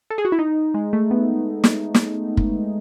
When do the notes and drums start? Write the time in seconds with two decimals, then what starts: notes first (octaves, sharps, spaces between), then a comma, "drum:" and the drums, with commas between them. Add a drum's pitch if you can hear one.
0.10 A4
0.18 G#4
0.25 F#4
0.32 E4
0.39 D#4
0.74 G#3
0.93 A3
1.11 B3
1.64 drum: snare
1.94 drum: snare
2.37 drum: kick